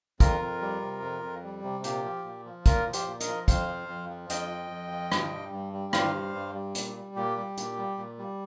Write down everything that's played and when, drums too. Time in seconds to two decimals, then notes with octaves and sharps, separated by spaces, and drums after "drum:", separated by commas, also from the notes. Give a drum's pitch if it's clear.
0.20 F2 F4 A#4, drum: kick, hi-hat
0.41 F2
0.61 G3
0.82 C3
1.02 F2
1.23 F2
1.43 G3
1.63 C3
1.84 A#2 G4, drum: hi-hat
2.05 F3
2.25 A#2
2.45 F3
2.66 A#2 F4 A#4, drum: kick, hi-hat
2.86 F3
2.93 G4 C5, drum: hi-hat
3.07 A#2
3.20 A#4 D#5, drum: hi-hat
3.28 F3
3.48 F2 C5 F5, drum: kick, hi-hat
3.68 F3
3.88 F2
4.09 F3
4.30 F2 D#5 G5, drum: hi-hat
4.50 F3
4.71 F2
4.91 F3
5.12 G2, drum: rim click
5.32 G3
5.53 G2
5.73 G3
5.93 G2 C5 F5, drum: rim click
6.14 G3
6.34 G2
6.54 G3
6.75 A#2, drum: hi-hat
6.96 G3
7.16 A#2 G4
7.36 G3
7.57 A#2, drum: hi-hat
7.77 G3
7.98 A#2
8.18 G3